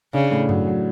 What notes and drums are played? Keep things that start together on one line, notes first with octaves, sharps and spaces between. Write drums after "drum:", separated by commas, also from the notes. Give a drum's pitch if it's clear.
C#3 D4
A2
F#3, drum: tom F#2
F#3